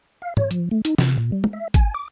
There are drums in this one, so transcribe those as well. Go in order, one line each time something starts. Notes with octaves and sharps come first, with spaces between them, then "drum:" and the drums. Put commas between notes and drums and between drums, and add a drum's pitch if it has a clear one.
F5
C#5, drum: tom
F3, drum: hi-hat
A3
D#4, drum: hi-hat
C3, drum: snare
A#2
G3
drum: tom
E5
G#5, drum: kick, hi-hat
D6